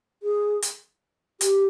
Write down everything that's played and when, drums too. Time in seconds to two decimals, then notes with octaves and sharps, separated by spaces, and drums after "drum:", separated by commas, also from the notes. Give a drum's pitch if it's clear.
0.23 G#4
0.62 drum: hi-hat
1.41 G4, drum: hi-hat